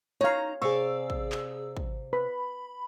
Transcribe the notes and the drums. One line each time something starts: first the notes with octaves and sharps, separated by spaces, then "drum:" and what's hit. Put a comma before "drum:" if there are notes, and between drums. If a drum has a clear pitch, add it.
D#4 C#5 F5 A#5
C3 G#4 D5 F5 C#6 E6
drum: kick
drum: clap
drum: kick
B4 B5